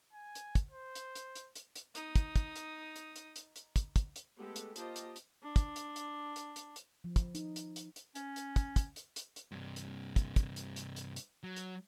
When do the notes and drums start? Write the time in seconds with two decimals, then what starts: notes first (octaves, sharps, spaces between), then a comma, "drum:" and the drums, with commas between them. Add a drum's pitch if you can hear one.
0.13 G#5
0.35 drum: hi-hat
0.55 drum: kick, hi-hat
0.71 C5
0.95 drum: hi-hat
1.15 drum: hi-hat
1.35 drum: hi-hat
1.55 drum: hi-hat
1.76 drum: hi-hat
1.95 D#4 D#6, drum: hi-hat
2.16 drum: kick, hi-hat
2.36 drum: kick, hi-hat
2.56 drum: hi-hat
2.96 drum: hi-hat
3.16 drum: hi-hat
3.36 drum: hi-hat
3.56 drum: hi-hat
3.76 drum: kick, hi-hat
3.96 drum: kick, hi-hat
4.16 drum: hi-hat
4.39 G#3 A3 B3 G4 A4
4.56 drum: hi-hat
4.76 A#3 F4 G4 C5 D#5 A5, drum: hi-hat
4.96 drum: hi-hat
5.16 drum: hi-hat
5.43 D4
5.56 drum: kick, hi-hat
5.76 drum: hi-hat
5.96 drum: hi-hat
6.36 drum: hi-hat
6.56 drum: hi-hat
6.76 drum: hi-hat
7.04 F3
7.16 drum: kick, hi-hat
7.35 D#4, drum: hi-hat
7.56 drum: hi-hat
7.76 drum: hi-hat
7.96 drum: hi-hat
8.15 C#4, drum: hi-hat
8.36 drum: hi-hat
8.56 drum: kick, hi-hat
8.76 drum: kick, hi-hat
8.96 drum: hi-hat
9.16 drum: hi-hat
9.36 drum: hi-hat
9.52 G2 C3
9.76 drum: hi-hat
10.16 drum: kick, hi-hat
10.36 drum: kick, hi-hat
10.56 drum: hi-hat
10.76 drum: hi-hat
10.96 drum: hi-hat
11.16 drum: hi-hat
11.43 F#3
11.56 drum: hi-hat